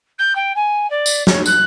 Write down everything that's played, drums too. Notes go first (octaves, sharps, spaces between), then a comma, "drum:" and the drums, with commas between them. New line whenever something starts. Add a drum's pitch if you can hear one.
G6
G5
G#5
D5
drum: tambourine
C#5, drum: snare
F#6, drum: tambourine